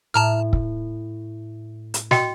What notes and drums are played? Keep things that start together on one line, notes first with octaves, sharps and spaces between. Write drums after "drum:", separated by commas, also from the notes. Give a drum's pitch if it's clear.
A2 A5 A#5 F6
drum: kick
drum: hi-hat
F#4 D#5 G5, drum: snare